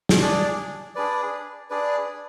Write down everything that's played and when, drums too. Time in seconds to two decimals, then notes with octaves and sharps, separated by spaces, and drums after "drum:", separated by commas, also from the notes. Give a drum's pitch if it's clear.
0.09 drum: snare
0.21 D4 G#4 D5
0.95 D4 G#4 B4 D5
1.70 D4 G#4 B4 D5